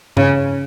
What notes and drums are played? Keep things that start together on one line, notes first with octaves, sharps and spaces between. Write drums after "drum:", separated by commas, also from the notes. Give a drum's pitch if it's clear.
C#3, drum: tom G2